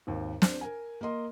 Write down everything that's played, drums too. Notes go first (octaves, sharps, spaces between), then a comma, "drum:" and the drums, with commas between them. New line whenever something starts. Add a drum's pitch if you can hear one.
G#1 D#2
D4 C5, drum: snare
A#4 G#5
A#3 A#4 D#5 C6